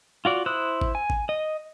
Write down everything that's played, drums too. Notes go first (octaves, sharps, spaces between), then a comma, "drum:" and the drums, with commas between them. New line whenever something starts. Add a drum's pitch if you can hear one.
F4 F#4 D5
E4 C5 D#6 E6 F#6
drum: kick G#1
G#5
drum: kick G#1
D#5